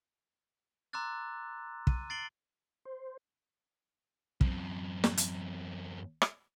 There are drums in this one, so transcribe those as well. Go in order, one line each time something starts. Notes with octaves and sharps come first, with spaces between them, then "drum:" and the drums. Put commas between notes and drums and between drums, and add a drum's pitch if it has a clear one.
A#5 C6 D6 E6 F#6 A6
D#7, drum: kick
A6 C7 D7 F#7 G7
C5
F#2 C4, drum: kick
drum: snare
drum: hi-hat
drum: rim click